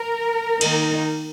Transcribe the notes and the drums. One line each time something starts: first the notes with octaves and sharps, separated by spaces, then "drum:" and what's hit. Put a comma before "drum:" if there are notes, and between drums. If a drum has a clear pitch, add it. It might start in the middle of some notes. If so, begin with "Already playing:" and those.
Already playing: A#4
D#3 A#3 D#4, drum: cymbal